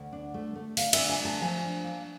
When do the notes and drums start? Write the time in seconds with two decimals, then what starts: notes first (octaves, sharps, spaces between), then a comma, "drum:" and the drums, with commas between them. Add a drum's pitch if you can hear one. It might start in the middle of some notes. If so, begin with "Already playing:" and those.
Already playing: D2 F#5
0.13 D4
0.34 A3
0.55 A3
0.77 D3 F5, drum: open hi-hat
0.93 E5, drum: cymbal
0.99 D4
1.09 G#5
1.20 A3 A5
1.41 F3 G#5
1.63 D4
1.84 A#3